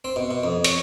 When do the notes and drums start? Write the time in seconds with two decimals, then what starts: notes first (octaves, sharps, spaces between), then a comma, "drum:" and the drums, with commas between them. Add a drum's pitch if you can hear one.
0.05 C4
0.16 B2
0.31 B2
0.44 F2
0.64 C#5, drum: hi-hat